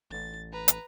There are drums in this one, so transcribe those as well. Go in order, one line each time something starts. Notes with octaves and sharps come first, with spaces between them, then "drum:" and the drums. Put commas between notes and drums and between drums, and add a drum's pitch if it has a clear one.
A1 A6
B4 A#5
drum: hi-hat